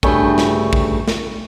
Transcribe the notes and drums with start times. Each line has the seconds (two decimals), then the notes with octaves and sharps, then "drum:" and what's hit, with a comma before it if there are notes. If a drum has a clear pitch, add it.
0.03 D2 G2 C#3 A3 G5, drum: kick
0.38 drum: snare
0.73 drum: kick
1.08 drum: snare